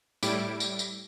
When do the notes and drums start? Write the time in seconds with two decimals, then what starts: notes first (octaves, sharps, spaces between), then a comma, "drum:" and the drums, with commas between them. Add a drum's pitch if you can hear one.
0.23 A2 G3 E4 D6 D7, drum: tambourine
0.60 drum: tambourine
0.79 drum: tambourine